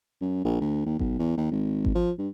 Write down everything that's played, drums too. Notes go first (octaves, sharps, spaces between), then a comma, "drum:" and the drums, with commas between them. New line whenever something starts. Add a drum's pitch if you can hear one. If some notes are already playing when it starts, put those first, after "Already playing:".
F#2
A#1
D2
D#2
B1, drum: kick G#1
E2
D#2
G#1
drum: kick G#1
F3
G2